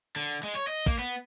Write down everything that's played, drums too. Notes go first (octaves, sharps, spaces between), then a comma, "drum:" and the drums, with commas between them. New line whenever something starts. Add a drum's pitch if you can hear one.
D3
G#3
C#5
D#5
A#3, drum: kick A1
B3